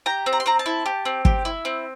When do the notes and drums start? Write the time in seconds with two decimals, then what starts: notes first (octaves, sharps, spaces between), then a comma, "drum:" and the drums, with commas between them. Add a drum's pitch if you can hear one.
0.06 G4 A#5
0.26 C4
0.33 A#5
0.40 C6
0.46 C4 A#5
0.59 A5
0.66 E4
0.86 G4
1.05 C4
1.25 G4, drum: kick
1.45 E4
1.65 C4